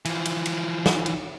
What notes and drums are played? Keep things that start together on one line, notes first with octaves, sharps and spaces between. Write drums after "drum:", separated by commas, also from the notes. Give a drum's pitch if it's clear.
E3 F3, drum: cymbal
drum: cymbal
drum: cymbal
drum: snare
drum: cymbal